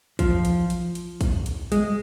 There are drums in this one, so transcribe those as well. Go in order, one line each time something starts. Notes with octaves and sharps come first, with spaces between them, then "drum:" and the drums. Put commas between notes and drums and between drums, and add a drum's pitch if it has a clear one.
F3, drum: kick, hi-hat
drum: hi-hat
drum: hi-hat
drum: hi-hat
drum: kick, hi-hat
drum: hi-hat
G#3, drum: hi-hat